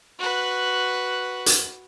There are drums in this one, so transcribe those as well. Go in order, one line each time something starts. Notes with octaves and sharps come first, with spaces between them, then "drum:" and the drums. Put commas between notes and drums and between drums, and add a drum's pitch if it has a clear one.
F#4 B4
drum: hi-hat